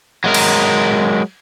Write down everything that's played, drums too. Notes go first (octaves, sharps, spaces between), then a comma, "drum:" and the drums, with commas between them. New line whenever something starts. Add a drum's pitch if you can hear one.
F#3 G#3 A#4
drum: cymbal